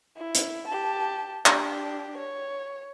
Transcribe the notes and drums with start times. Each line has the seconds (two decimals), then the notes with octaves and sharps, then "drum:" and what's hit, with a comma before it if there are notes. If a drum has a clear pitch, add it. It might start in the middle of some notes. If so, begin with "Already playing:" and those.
0.17 E4
0.35 drum: hi-hat
0.68 G4 A5
1.46 D4 G4, drum: clap
2.17 C#5